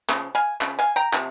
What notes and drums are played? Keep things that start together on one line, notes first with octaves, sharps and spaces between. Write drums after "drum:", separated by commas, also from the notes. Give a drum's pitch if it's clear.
C#3 F3, drum: clap
F5 G#5
C#3 F3, drum: clap
F5 G#5
G5 A#5
C3 F3, drum: clap